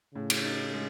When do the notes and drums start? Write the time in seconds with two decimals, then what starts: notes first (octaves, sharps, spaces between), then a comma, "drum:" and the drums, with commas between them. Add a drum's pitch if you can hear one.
0.15 A2 C#3
0.30 drum: cymbal
0.44 D#4
0.74 G#3